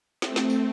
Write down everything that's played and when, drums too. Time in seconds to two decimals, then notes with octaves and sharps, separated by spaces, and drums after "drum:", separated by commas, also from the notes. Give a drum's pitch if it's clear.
0.22 A3 C4, drum: snare
0.36 drum: snare
0.50 drum: tambourine